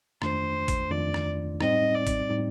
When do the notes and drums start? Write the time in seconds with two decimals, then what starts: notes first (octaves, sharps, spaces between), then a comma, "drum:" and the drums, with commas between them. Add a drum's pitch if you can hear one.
0.22 F2 D#3 A3 D4 F4 C5, drum: rim click
0.68 drum: kick A#1, hi-hat
0.91 F2 D#3 A3 D4 F4 D5
1.14 drum: rim click
1.61 A2 G3 C4 D#4 D#5, drum: rim click
1.95 D5
2.07 drum: kick A#1, hi-hat
2.30 A2 G3 C4 D#4